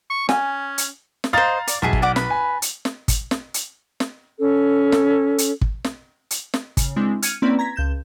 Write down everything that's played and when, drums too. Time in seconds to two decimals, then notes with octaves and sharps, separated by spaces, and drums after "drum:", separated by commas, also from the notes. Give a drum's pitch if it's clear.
0.10 C#6
0.29 C#4 G#5, drum: snare
0.78 drum: hi-hat
1.24 drum: snare
1.33 C5 D#5 F5 A#5 A6
1.67 D5, drum: hi-hat
1.82 B1 G#4 E5 A5
1.93 drum: kick
2.02 D5 F#5 D6
2.16 B4 B5, drum: snare
2.30 G#5
2.62 drum: hi-hat
2.85 drum: snare
3.08 drum: kick, hi-hat
3.31 drum: snare
3.54 drum: hi-hat
4.00 drum: snare
4.40 C#4 A4
4.92 drum: snare
5.38 drum: hi-hat
5.61 drum: kick
5.84 drum: snare
6.31 drum: hi-hat
6.54 drum: snare
6.77 C#3, drum: kick, hi-hat
6.96 G#3 C4 D4 E4
7.22 F6 G#6 C#7 D#7, drum: hi-hat
7.42 A#3 C4 C#4 E4 B4 D5
7.59 A#5 G#6 A#6 B6
7.76 C#2 G6 E7